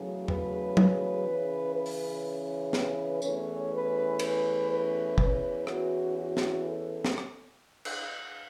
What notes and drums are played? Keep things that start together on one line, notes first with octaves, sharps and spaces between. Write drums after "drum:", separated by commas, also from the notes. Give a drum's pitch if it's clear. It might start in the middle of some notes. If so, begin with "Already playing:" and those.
Already playing: E2 C#3 F#3 A3 C#4
B4, drum: tom E2
B4, drum: tom
C#3 E3 C#4
B4
drum: open hi-hat
B4, drum: snare
E2 E3 A3 C#4 C#5, drum: tambourine
B4
B4, drum: cymbal
B4
E2 E3 C#4 B4, drum: kick
F#4, drum: rim click
F#4
drum: snare
A4
drum: snare
drum: rim click
drum: cymbal